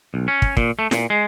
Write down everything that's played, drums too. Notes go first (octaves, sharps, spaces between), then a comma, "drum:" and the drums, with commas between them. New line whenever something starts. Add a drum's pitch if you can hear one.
B1
C#4
drum: kick
A#2, drum: kick
A3
A#2, drum: snare
G#3